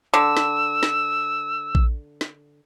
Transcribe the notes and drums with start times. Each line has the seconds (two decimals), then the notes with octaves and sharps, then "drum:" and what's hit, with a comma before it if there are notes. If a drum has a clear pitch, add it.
0.14 D3 E6
0.37 drum: snare
0.83 drum: snare
1.75 drum: kick A#1
2.21 drum: snare